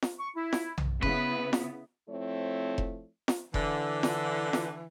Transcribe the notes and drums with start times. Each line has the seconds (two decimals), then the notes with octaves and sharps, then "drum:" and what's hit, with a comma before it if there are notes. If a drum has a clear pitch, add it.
0.02 drum: snare
0.19 C#6
0.35 E4
0.53 drum: snare
0.78 drum: tom B1
1.03 C#3 B3 E4 B4, drum: kick F1
1.53 drum: snare
2.09 F3 A3 C4 E4 C#5
2.78 drum: kick F1
3.28 drum: snare
3.54 D3 E3, drum: kick F1
4.03 drum: snare
4.53 drum: snare